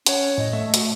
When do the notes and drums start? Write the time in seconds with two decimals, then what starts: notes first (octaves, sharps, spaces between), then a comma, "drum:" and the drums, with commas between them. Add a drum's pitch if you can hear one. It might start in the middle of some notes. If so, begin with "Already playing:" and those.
0.06 C#4 C#5 F#5, drum: hi-hat
0.37 A2 D#5
0.53 A3 E5
0.74 F#4, drum: hi-hat